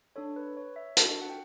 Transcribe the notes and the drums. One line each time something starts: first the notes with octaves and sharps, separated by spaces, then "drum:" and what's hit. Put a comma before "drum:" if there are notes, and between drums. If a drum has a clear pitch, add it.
D4 A4 C#5
B4
C#5
E5
D4 F#4 A4 A5, drum: hi-hat
F#5
G5